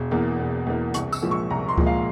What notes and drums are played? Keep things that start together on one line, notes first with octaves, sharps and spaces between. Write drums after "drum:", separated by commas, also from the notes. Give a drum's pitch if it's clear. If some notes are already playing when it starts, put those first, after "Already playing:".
Already playing: E1
E2 E3 A#3
E1
E2 E3 A#3
C2 C#6, drum: hi-hat
E6, drum: tambourine
A#2 F3 G#3
C#6
C2 A#5
C6
A#2 F3 G#3, drum: kick C#2
F5